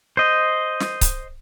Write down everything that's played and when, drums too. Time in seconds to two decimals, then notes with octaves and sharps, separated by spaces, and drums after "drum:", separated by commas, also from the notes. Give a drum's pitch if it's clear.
0.17 C5 D#5
0.80 drum: snare
1.01 drum: kick C#1, hi-hat